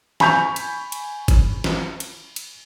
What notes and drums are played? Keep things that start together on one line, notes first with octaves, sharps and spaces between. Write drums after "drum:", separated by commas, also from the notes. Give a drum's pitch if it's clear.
G#5 B5 C#6 G6 F7, drum: snare
drum: cymbal
drum: cymbal
drum: kick G1, cymbal
drum: snare
drum: cymbal
drum: cymbal